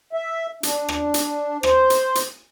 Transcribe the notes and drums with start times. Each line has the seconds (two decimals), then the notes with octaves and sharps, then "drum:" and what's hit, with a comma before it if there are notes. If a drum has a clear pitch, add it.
0.13 E5
0.63 D4, drum: hi-hat
0.89 drum: rim click
1.14 drum: hi-hat
1.63 C5, drum: rim click
1.90 drum: hi-hat
2.15 drum: hi-hat